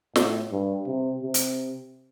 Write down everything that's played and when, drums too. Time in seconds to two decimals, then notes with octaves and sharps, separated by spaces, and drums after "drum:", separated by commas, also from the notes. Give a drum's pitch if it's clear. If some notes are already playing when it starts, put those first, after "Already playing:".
0.16 A2, drum: snare
0.52 G2
0.87 C3
1.23 C3
1.34 drum: hi-hat